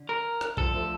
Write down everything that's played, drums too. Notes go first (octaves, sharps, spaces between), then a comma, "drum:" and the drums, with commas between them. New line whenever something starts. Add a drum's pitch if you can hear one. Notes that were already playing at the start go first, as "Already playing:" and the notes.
Already playing: D3
A#4
drum: rim click
D3 F3 A4, drum: kick B1
F3 A3